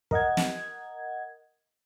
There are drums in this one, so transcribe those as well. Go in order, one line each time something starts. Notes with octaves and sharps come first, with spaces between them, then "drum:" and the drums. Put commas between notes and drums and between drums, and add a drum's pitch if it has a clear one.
A#4 D#5 F#5 G#6, drum: kick
drum: snare